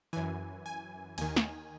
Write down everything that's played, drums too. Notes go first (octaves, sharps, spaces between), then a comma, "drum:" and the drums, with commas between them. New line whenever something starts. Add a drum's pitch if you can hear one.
F#2 E3 G#5
G#5
D#2 D#3 G#5, drum: cymbal
drum: snare